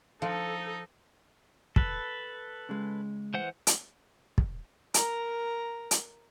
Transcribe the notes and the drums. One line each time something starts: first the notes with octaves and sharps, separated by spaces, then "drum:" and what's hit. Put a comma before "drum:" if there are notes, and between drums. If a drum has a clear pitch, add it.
F3 D#4 A4
A4 B4, drum: kick
C#3 G#3
E3 C5 F#5
drum: hi-hat
drum: kick
A#4 A#5, drum: hi-hat
drum: hi-hat